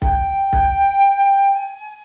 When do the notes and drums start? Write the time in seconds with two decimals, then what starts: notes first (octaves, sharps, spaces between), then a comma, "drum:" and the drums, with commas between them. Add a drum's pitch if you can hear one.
0.02 G5, drum: kick B1
0.53 drum: kick B1
1.55 G#5